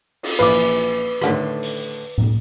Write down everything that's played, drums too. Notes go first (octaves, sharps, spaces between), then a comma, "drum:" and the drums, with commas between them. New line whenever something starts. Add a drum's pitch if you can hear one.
drum: cymbal
A#1 E3 B4 F5 D6
A2 D3 D#3, drum: rim click
drum: open hi-hat
drum: tom